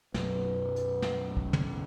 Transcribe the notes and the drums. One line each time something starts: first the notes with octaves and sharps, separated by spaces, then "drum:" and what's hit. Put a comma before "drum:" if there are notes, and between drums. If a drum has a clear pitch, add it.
B1 F#2 B4, drum: snare
drum: hi-hat
drum: snare
drum: kick
drum: tom